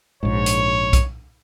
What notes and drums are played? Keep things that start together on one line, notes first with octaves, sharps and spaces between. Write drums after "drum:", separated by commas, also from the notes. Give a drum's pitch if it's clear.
A#1 G#2 C#5
drum: hi-hat
drum: kick, hi-hat